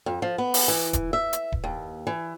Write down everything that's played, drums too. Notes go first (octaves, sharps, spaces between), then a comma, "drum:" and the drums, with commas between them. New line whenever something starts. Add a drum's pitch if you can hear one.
F2
F3
B3
drum: open hi-hat
E3
drum: kick D#1, hi-hat
E5
drum: hi-hat
drum: kick D#1
D#2
E3